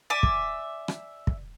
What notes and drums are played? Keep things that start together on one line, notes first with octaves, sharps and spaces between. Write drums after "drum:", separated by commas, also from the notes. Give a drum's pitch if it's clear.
D5 E5 G#5 D6
drum: kick
drum: rim click
drum: kick